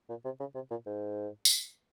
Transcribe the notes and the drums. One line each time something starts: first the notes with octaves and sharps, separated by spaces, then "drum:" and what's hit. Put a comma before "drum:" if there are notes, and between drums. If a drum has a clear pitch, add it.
A#2
C3
C#3
C3
A#2
G#2
drum: tambourine